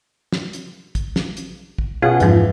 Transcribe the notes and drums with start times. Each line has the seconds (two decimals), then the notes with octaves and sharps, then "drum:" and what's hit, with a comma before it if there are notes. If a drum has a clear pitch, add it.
0.32 drum: snare
0.53 drum: hi-hat
0.95 drum: kick, hi-hat
1.16 drum: snare
1.37 drum: hi-hat
1.78 drum: kick
2.02 B2 C#4 F4 G#4 F#5
2.20 F2 G#2 E3 F3, drum: hi-hat